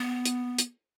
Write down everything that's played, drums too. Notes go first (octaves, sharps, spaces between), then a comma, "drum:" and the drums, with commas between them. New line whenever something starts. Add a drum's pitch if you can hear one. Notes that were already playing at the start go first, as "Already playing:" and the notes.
Already playing: B3
drum: hi-hat
drum: hi-hat